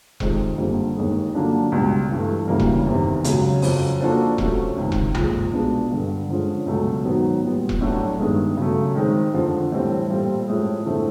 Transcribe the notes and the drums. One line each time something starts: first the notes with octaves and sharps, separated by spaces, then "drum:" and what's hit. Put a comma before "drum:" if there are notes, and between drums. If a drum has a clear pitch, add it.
F2 C3 D#3 G#3 C4, drum: kick E1
F2 D3 G3 A#3
D#2 D#3 G#3
D3 F#3 A#3 D4 F4
C#2 B2 G3
G2 E3 A3
D2 C#3 E3 G3 A#3
drum: kick E1
E2 C3 D#3
C#2 C#3 F#3, drum: hi-hat
F2 C#3 F#3, drum: open hi-hat
F3 A#3 D4 F#4 A4
C3 F3 A3 C#4 F#4, drum: kick E1
C#2 C3 D#3
drum: kick E1
A#2 F3 G#3, drum: tom B1
B2 G#3 B3 D4 F4
G2 D3 G3
D3 F3 G#3 C#4
C#2 B2 F#3 A3
G#2 D#3 F#3 B3
A#2 G3 B3
drum: kick E1
A2 F#3 A3 D4 F#4
G2 D#3 G#3 B3
C#3 F#3 A3
D#3 G#3 C4
F2 D3 F3
A2 E3 G3 C4
A#2 G3 C4 F4 A4
A2 F3 G#3
D3 F3 A3 C4 E4